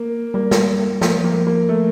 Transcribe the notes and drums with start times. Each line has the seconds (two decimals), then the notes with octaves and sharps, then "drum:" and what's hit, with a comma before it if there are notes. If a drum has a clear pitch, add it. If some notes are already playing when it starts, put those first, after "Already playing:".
Already playing: A#3
0.34 G3 A#3
0.51 drum: snare
1.01 F3 A#3, drum: snare
1.24 A#3
1.47 A#3
1.69 A3